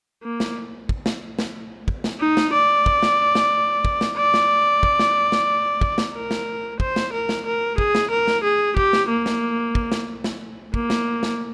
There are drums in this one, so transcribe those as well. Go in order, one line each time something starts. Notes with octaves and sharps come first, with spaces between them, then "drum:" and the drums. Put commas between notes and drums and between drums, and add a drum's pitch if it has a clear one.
A#3
drum: snare
drum: kick
drum: snare
drum: snare
drum: kick
drum: snare
D#4
drum: snare
D5
drum: kick
drum: snare
drum: snare
drum: kick
drum: snare
D5
drum: snare
drum: kick
drum: snare
drum: snare
drum: kick
drum: snare
A#4
drum: snare
C5, drum: kick
drum: snare
A#4
drum: snare
A#4
G#4, drum: kick
drum: snare
A#4
drum: snare
G#4
G4, drum: kick
drum: snare
A#3
drum: snare
drum: kick
drum: snare
drum: snare
A#3, drum: kick
drum: snare
drum: snare